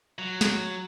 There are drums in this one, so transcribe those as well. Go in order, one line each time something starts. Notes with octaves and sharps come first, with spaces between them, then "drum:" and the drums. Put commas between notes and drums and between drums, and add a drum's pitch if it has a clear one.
F#3
drum: snare